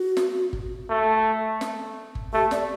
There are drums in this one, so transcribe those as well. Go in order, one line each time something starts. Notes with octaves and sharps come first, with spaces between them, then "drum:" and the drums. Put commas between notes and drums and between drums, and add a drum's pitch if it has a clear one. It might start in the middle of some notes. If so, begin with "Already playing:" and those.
Already playing: F#4
drum: snare
drum: kick G1
A3
drum: snare
drum: kick G1
A3 G4
D5, drum: snare